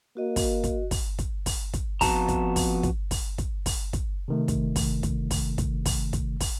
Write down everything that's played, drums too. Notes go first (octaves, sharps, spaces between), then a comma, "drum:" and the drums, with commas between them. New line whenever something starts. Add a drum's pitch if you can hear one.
A#3 F#4 D#5
drum: kick, open hi-hat
drum: kick, hi-hat
drum: kick, open hi-hat
drum: kick, hi-hat
drum: kick, open hi-hat
drum: kick, hi-hat
F2 B3 F#4 A5 A#5, drum: kick, open hi-hat
drum: kick, hi-hat
drum: kick, open hi-hat
drum: kick, hi-hat
drum: kick, open hi-hat
drum: kick, hi-hat
drum: kick, open hi-hat
drum: kick, hi-hat
C3 D#3 A3
drum: kick, hi-hat
drum: kick, open hi-hat
drum: kick, hi-hat
drum: kick, open hi-hat
drum: kick, hi-hat
drum: kick, open hi-hat
drum: kick, hi-hat
drum: kick, open hi-hat